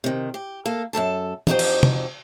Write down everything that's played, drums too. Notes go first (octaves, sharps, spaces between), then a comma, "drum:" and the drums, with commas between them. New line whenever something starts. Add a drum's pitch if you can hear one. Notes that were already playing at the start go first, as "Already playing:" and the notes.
C3 D#3
G4
A#3 A4
F#2 C3 A4 A5
F2 D4 D#4 F#4 G4 C5, drum: tom
drum: cymbal
drum: tom C3